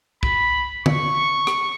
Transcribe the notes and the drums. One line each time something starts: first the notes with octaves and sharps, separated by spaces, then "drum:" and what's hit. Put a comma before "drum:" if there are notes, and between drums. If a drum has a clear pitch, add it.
B5, drum: kick
C#6, drum: tom D3
drum: rim click